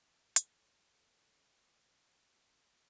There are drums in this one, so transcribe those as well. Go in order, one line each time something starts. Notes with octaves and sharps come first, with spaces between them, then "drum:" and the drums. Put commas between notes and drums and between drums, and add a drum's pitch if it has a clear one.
A4 C#5, drum: hi-hat